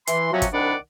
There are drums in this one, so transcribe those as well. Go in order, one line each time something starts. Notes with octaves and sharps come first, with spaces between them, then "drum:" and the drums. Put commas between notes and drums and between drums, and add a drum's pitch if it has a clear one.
E3 C6, drum: hi-hat
C3 F3 F#3 C#4 F#4
drum: kick, hi-hat
C2 D#3 D4 D5 F#5 B5